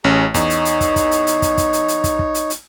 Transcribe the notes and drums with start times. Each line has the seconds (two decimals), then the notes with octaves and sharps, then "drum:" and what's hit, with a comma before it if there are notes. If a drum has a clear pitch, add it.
0.04 A1 C#4 G#4 A#5
0.34 E2 D#4 C#5, drum: kick, hi-hat
0.50 drum: hi-hat
0.65 drum: hi-hat
0.81 drum: kick, hi-hat
0.96 drum: kick, hi-hat
1.11 drum: hi-hat
1.27 drum: hi-hat
1.42 drum: kick, hi-hat
1.58 drum: kick, hi-hat
1.73 drum: hi-hat
1.88 drum: hi-hat
2.04 drum: kick, hi-hat
2.19 drum: kick
2.34 drum: hi-hat
2.50 drum: hi-hat